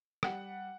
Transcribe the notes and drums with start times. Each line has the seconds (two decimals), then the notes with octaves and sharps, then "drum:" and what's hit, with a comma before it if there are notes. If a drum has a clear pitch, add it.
0.23 G3 F#5, drum: rim click